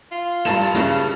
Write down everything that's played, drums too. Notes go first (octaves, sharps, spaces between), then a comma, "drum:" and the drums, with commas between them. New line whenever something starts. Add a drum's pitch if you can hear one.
F4
G2 A5 E7, drum: snare
drum: tambourine
C#3, drum: snare
drum: tambourine